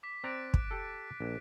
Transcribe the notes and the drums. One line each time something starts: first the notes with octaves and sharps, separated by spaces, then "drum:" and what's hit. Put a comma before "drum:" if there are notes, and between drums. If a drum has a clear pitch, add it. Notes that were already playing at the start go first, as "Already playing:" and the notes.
D6 B6
C4 D5 A#5 F#6 A6 D7
drum: kick
G4 A4
A#1